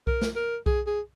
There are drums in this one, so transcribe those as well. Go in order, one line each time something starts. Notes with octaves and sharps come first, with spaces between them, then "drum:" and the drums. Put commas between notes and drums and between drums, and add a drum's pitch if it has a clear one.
A#4, drum: kick B1
drum: snare
A#4
G#4, drum: kick B1
G#4